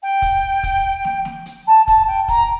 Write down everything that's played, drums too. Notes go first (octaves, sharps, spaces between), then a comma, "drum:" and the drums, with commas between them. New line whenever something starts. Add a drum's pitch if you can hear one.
G5
drum: kick, hi-hat
drum: kick, hi-hat
drum: snare
drum: snare
drum: hi-hat
A5
A5, drum: kick, hi-hat
G5
A#5, drum: kick, hi-hat